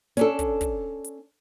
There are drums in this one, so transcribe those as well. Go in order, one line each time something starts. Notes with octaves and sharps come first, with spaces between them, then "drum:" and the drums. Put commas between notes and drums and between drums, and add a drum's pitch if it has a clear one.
C#4 D4 A4, drum: hi-hat
drum: kick, hi-hat
drum: kick, hi-hat
drum: hi-hat